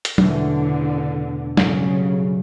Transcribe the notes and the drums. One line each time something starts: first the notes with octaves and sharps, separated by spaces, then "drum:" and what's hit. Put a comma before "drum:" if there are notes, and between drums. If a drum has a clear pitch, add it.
drum: hi-hat
E2 B2 D3 A3 C#4 E4, drum: tom F#3
G1 G2 C#3 F#3, drum: snare